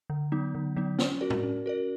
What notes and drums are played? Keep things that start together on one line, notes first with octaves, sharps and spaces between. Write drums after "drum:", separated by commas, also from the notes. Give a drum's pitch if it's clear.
D3
F#3 B3 D#4
D3
F#3 B3 D#4
C#4, drum: snare
F#4 A#4 D5
drum: tom
C#4
F#4 A#4 D5